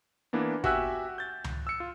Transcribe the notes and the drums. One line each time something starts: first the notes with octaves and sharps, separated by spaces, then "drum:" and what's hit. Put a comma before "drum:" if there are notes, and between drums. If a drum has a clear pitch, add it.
E3 A#3 B3 D4
F#4 G4 E5 G#5 E6 F#6, drum: kick
G6 A6
drum: tom C#2
E6 C#7
F4